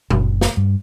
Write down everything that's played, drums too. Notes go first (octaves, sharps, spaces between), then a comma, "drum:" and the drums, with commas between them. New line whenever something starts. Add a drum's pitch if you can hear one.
F#1, drum: tom A#2
drum: snare
G2